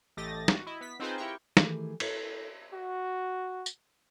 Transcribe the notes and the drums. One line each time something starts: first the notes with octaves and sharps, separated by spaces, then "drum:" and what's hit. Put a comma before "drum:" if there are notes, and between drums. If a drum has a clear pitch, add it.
A1 A3 G4 D#5 A6 A#6
F#4, drum: snare
E4 D#5
B3 B6
C4 D#4 F4 G#4 B4 C5
E4 G4 A#4 G5 C#6
D#3 E3 A3 G4 G#4, drum: snare
E4 A4 A#4 C#5, drum: cymbal
F#4
drum: tambourine